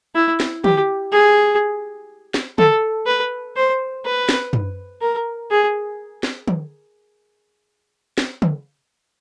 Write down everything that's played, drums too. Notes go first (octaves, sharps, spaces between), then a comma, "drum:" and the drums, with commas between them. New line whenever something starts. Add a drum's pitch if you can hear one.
E4
drum: snare
G4, drum: tom
G#4
drum: snare
A4, drum: tom
B4
C5
B4
drum: snare
drum: tom
A#4
G#4
drum: snare
drum: tom
drum: snare
drum: tom